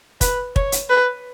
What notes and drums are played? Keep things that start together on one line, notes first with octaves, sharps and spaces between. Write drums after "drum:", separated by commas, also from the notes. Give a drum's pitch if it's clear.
B4, drum: kick, hi-hat
C#5, drum: kick
drum: hi-hat
B4